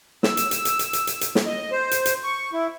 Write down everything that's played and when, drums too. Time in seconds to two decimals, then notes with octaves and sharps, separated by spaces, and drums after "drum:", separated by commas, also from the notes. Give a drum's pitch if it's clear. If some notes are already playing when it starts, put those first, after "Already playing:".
0.23 E6, drum: snare
0.37 drum: hi-hat
0.51 drum: hi-hat
0.65 drum: hi-hat
0.79 drum: hi-hat
0.93 drum: hi-hat
1.07 drum: hi-hat
1.21 drum: hi-hat
1.35 drum: snare
1.46 D#5
1.71 C5
1.91 drum: hi-hat
2.05 drum: hi-hat
2.24 C#6
2.53 E4